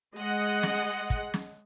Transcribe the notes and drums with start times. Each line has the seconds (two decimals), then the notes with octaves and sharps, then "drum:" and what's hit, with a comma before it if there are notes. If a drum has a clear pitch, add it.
0.16 G#3 D#5 F#5, drum: hi-hat
0.40 drum: hi-hat
0.63 drum: snare
0.87 drum: hi-hat
1.10 drum: kick, hi-hat
1.34 drum: snare